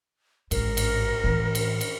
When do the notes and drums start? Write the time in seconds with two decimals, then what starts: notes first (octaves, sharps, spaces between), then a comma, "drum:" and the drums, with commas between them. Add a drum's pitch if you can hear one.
0.51 A1 G#2 A#4, drum: cymbal
0.77 drum: cymbal
1.24 A2 E3
1.55 drum: cymbal
1.81 drum: cymbal